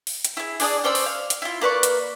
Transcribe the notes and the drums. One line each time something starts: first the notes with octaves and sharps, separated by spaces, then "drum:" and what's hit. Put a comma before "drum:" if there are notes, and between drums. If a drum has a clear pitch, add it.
drum: open hi-hat
drum: hi-hat
E4 G#4
D4 G#4 D5 D#6, drum: open hi-hat
C#4 C5 D5 E6
drum: open hi-hat
F5
drum: hi-hat
E4 F4
A#3 B4 D5 C#6
drum: hi-hat